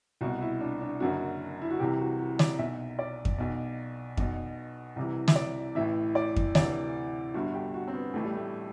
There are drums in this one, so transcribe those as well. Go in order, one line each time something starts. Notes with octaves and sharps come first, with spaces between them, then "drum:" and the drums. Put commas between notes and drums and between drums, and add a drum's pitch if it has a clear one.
C2 B2 F#4
E4
D4
D4
F#1 F#2 D3 F#4
E4
F#4
C2 C3 E3 G4
F#4
F#4
D5, drum: snare
B1 B2 E5
D5
drum: kick F2
B1 B2
B1 B2, drum: kick F2
C2 C3 E3
E5, drum: snare
D5
A1 A2 E3 E5
D5
drum: kick F2
D2 C3 E3 D5, drum: snare
G1 G2 D3 F#4
G4
F#4
C4
B3
A1 A2 E3 A3
G3
A3